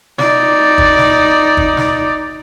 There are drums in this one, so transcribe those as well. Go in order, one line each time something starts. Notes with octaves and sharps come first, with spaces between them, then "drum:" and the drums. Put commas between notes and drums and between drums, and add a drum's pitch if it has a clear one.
D#4 D5, drum: snare
drum: kick
drum: snare
drum: kick
drum: snare